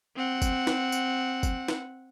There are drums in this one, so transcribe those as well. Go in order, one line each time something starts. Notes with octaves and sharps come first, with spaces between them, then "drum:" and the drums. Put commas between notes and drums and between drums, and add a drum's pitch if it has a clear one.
C4 F#5
drum: kick, tambourine
drum: snare
drum: tambourine
drum: kick, tambourine
drum: snare